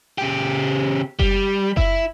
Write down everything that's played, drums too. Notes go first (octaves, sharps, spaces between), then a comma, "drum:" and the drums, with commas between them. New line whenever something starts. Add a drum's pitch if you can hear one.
C#3 G4
G3, drum: kick F#1
E4, drum: kick F#1